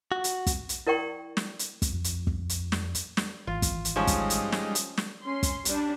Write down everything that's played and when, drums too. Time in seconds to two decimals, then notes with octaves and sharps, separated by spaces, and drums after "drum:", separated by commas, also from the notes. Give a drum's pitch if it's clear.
0.12 F#4
0.24 drum: hi-hat
0.46 drum: kick, hi-hat
0.69 drum: hi-hat
0.87 E4 A#4 D5 G5 C#6
1.37 drum: snare
1.59 drum: hi-hat
1.82 drum: kick, hi-hat
1.93 F2
2.04 drum: hi-hat
2.27 drum: kick
2.49 drum: hi-hat
2.72 drum: snare
2.95 drum: hi-hat
3.17 drum: snare
3.47 G#1 E3 F4
3.62 drum: kick, hi-hat
3.85 drum: hi-hat
3.96 F3 G3 G#3 C#4 D#4
4.07 drum: kick, hi-hat
4.30 drum: hi-hat
4.52 drum: snare
4.75 drum: hi-hat
4.98 drum: snare
5.24 C#4 C6
5.43 drum: kick, hi-hat
5.65 G3 D4, drum: hi-hat